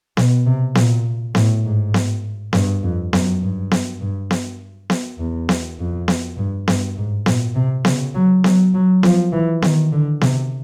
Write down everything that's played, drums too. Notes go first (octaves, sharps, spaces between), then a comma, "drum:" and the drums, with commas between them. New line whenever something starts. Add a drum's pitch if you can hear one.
B2, drum: snare B3
C3
A#2, drum: snare B3
A2, drum: snare B3
G#2
drum: snare B3
G2, drum: snare B3
F2
F#2, drum: snare B3
G2
drum: snare B3
G2
drum: snare B3
drum: snare B3
E2
drum: snare B3
F2
drum: snare B3
G2
G2, drum: snare B3
G#2
A#2, drum: snare B3
C3
C#3, drum: snare B3
F#3
F#3, drum: snare B3
F#3
F3, drum: snare B3
E3
D#3, drum: snare B3
D3
C3, drum: snare B3